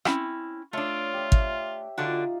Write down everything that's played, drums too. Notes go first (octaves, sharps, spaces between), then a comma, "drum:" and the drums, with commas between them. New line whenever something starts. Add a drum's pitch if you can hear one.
C4 C#4 E4, drum: rim click
A3 D4 F4 C#5
G4 E5
drum: kick
D3 D4 D#4 F4 F#4 D#5